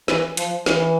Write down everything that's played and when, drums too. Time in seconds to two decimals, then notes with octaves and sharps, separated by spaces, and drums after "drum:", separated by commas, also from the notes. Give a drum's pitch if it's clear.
0.08 E3, drum: snare
0.37 F3, drum: hi-hat
0.66 E3, drum: snare